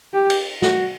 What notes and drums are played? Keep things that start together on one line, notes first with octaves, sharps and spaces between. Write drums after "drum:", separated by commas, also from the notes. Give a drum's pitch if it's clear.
G4
drum: cymbal
F#4, drum: snare